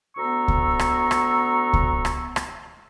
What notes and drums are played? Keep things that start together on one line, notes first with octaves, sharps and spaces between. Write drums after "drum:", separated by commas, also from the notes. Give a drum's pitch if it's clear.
D2 B3 A#5 C#6 E6
drum: kick C#2
drum: rim click
drum: rim click
drum: kick C#2
drum: rim click
drum: rim click